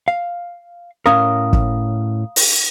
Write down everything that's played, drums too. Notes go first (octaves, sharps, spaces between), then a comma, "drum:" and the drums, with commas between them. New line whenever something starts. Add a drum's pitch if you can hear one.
F5
A2 C#4 A#4 F5 A#5 D#6
drum: kick
drum: open hi-hat